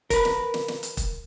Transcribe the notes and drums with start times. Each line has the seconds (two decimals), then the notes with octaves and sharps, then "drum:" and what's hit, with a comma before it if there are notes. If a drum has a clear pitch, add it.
0.10 A#4 B4, drum: kick E1, hi-hat
0.25 drum: snare
0.54 drum: snare
0.68 drum: snare
0.83 drum: hi-hat
0.97 drum: kick E1, hi-hat